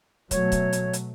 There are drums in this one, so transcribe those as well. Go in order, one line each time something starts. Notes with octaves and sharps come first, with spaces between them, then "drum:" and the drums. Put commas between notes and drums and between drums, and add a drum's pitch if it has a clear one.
B2 F#3 A3 C#5, drum: kick, hi-hat
drum: kick, hi-hat
drum: hi-hat
drum: hi-hat